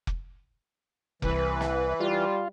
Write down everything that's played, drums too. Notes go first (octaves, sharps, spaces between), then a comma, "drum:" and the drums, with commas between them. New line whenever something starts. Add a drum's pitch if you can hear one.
drum: kick F1
C2 E3 B4, drum: kick F1
drum: snare
G3 F4